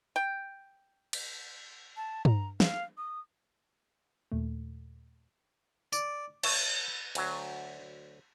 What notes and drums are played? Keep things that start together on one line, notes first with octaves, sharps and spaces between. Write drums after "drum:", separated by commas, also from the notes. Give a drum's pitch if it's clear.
G5
drum: cymbal
A5
A#5, drum: tom
F5, drum: snare
D#6
D#2 A#2 A3
D5, drum: tambourine
C#5 E5 A5, drum: cymbal
D2 F#3, drum: cymbal